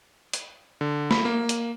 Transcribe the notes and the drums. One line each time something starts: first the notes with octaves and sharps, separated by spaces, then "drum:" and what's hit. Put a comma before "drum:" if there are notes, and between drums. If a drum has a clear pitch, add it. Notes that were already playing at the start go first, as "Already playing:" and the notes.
drum: hi-hat
D3
B5, drum: snare
A#3
drum: hi-hat